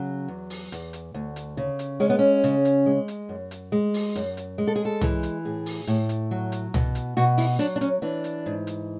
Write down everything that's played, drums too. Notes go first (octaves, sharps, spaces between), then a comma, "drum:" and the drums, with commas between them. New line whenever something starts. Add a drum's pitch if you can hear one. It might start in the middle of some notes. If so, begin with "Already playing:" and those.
Already playing: C#3 F#3
E2
drum: open hi-hat
E2, drum: hi-hat
drum: hi-hat
D2
drum: hi-hat
C#3
drum: hi-hat
G#3 C#4
B3
C#4
C#3, drum: hi-hat
drum: hi-hat
G#3
drum: hi-hat
F#2
drum: hi-hat
G#3
drum: open hi-hat
F#2, drum: hi-hat
drum: hi-hat
G#3
A4
G#4
A4
E3, drum: tom C2
drum: hi-hat
A2 G#4
drum: open hi-hat
A2, drum: hi-hat
drum: hi-hat
F#3
drum: hi-hat
B2, drum: tom C2
drum: hi-hat
B2 F#4
E4, drum: open hi-hat
F#3 D4, drum: hi-hat
D4
C#4, drum: hi-hat
E3 D4
drum: hi-hat
G#2
drum: hi-hat